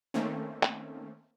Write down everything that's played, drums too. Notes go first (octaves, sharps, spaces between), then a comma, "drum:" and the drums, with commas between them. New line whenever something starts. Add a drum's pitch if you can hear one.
D#3 A3 A#3 C4 C#4
drum: clap